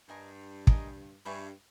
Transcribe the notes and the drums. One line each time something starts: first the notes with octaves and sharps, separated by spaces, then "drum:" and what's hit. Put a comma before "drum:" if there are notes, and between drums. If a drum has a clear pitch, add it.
G2 A#4 D#5 G#5
A#4 D#5 G#5, drum: kick
G2 B4 E5 G#5 C#6